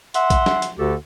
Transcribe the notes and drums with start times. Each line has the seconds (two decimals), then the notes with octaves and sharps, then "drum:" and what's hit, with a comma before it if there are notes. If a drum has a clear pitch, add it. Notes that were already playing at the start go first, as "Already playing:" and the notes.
0.14 E5 F#5 C6, drum: hi-hat
0.30 drum: kick, hi-hat
0.46 drum: snare
0.62 drum: hi-hat
0.78 D2 D3 F#4 G4 A4